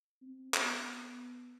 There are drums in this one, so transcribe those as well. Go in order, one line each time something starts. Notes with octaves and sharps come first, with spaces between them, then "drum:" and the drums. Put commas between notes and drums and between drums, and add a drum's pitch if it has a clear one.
C4
B3, drum: clap